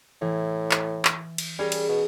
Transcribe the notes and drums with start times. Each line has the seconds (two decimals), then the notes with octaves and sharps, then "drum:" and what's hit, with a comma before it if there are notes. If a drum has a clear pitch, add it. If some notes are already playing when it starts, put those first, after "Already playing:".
0.21 A2 E3
0.71 drum: clap
1.05 drum: clap
1.38 drum: cymbal
1.59 G3 C#4 G#4 A#4
1.72 drum: cymbal
1.89 B2